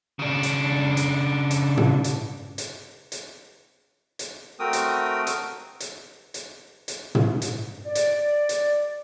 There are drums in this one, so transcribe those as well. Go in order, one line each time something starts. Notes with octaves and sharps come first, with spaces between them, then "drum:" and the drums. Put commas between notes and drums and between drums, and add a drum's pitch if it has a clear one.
C#3 D4
drum: hi-hat
drum: hi-hat
drum: hi-hat
drum: tom
drum: hi-hat
drum: hi-hat
drum: hi-hat
drum: hi-hat
A3 C4 F#4 A#4 G5 D#6
drum: hi-hat
drum: hi-hat
drum: hi-hat
drum: hi-hat
drum: hi-hat
drum: tom
drum: hi-hat
D5
drum: hi-hat
drum: hi-hat